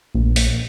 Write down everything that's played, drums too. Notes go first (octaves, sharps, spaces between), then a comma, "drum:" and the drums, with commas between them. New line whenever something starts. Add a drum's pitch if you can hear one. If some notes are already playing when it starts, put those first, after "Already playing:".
A#1
drum: open hi-hat